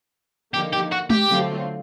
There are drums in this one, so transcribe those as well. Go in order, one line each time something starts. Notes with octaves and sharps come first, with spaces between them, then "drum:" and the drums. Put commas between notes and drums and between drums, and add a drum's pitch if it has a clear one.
D3 F3 A#3 D#4 G4
G4
F#4
G4, drum: tom G#3
D3 F#3 A3 C4 F4